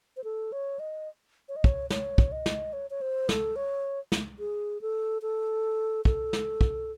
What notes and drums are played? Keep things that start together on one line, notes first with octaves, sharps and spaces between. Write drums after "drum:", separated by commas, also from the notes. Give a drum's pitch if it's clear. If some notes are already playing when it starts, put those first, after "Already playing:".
C5
A4
C#5
D#5
C#5
D#5
C#5, drum: kick
C#5, drum: snare
drum: kick
D#5
drum: snare
C#5
C#5
C5
A4, drum: snare
C#5
drum: snare
G#4
A4
A4
A4, drum: kick
drum: snare
drum: kick